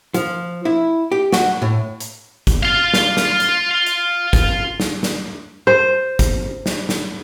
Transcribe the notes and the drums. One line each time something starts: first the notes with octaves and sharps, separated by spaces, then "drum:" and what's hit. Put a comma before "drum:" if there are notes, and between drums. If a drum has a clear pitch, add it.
F3, drum: hi-hat
E4
G4
F#4, drum: snare
A2
drum: hi-hat
drum: kick, hi-hat
F4 F5
drum: snare
drum: snare
drum: hi-hat
drum: hi-hat
drum: kick, hi-hat
drum: snare
drum: snare
C5
drum: kick, hi-hat
drum: snare
drum: snare